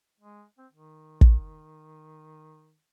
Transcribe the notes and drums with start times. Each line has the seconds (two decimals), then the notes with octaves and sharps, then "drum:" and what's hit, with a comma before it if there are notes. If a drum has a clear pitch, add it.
0.20 G#3
0.58 C4
0.72 D#3
1.21 drum: kick